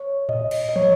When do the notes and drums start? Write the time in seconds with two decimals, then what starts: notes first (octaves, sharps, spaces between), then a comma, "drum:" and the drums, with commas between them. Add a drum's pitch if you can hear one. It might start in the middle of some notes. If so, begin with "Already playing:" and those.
Already playing: C#5
0.29 D#5, drum: tom A2
0.51 drum: cymbal
0.69 D#5
0.76 C#5, drum: tom